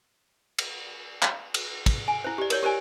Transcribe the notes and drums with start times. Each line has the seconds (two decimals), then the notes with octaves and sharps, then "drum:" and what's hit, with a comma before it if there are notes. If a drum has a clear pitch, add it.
0.58 drum: cymbal
1.22 drum: clap
1.54 drum: cymbal
1.86 drum: kick, cymbal
2.08 G#5
2.24 E4 C5
2.38 G4 D5
2.50 A#4 C#5 D5, drum: cymbal
2.63 G4 A#4 C5 D5 G#5